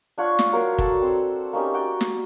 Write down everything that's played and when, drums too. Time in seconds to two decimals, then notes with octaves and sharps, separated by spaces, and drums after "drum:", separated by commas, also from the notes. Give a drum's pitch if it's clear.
0.18 D4 F4 C#5 F#5
0.39 drum: snare
0.52 F#3 A#4 F5
0.78 A4 F#5 A5, drum: kick
1.01 C4 C5
1.53 A#3 C#4 D#4 G4
1.74 F#4 D5 G5
2.01 drum: snare